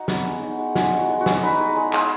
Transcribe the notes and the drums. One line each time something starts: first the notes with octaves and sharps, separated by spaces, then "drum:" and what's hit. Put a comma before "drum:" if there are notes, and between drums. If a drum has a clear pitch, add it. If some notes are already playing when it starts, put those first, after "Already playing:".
Already playing: D#4 F#4
B3, drum: snare
G#3
D#4
G#3
G#3 F#4, drum: snare
D#4
F#4
G#3
F#4
G#3, drum: snare
D#4 B4
G#3
G#3
G#3, drum: clap